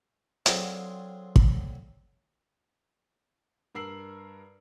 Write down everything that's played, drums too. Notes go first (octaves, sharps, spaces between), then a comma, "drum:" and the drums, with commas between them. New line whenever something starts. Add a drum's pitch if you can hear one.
D3 F#3 C4 F4 G#4 C5, drum: hi-hat
drum: kick
G2 A#4 E6 C7 F#7